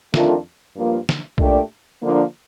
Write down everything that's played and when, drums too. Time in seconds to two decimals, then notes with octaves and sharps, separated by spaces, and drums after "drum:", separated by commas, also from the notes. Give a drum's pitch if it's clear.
0.14 F2 D#3 A3 D4 F4, drum: snare
0.76 G2 F3 A#3 F4
1.09 drum: snare
1.38 A#2 A3 D4 G4 D5, drum: kick B1
2.01 D3 F3 A#3 D4